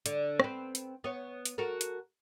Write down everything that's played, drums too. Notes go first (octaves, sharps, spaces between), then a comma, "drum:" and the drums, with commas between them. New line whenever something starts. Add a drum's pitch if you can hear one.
D3, drum: hi-hat
B3 C4, drum: rim click
drum: hi-hat
B3 C#5
drum: hi-hat
F#4 A4 A#4
drum: hi-hat